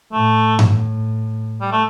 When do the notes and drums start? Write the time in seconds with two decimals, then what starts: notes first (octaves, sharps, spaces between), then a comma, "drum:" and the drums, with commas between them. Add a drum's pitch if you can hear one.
0.12 A2 A3
0.59 drum: tom G2
1.61 G3
1.72 A3